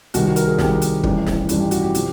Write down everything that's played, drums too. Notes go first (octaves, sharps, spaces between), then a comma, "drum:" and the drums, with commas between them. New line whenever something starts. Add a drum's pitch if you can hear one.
C2 C3 D#3 F#4, drum: hi-hat
F#4
A#4, drum: hi-hat
G#4
C2 C3 D#3 G4, drum: snare
drum: hi-hat
A1 G2 E3 G3, drum: kick
drum: snare
A1 G2 E3 G3, drum: hi-hat
G4
F#4, drum: hi-hat
G4
C3 F3, drum: hi-hat